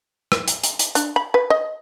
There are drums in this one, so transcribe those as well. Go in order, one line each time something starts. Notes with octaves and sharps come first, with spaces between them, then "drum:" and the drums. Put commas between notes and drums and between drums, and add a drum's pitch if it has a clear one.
drum: rim click
drum: hi-hat
drum: hi-hat
drum: hi-hat
D4, drum: hi-hat
B5
B4
D#5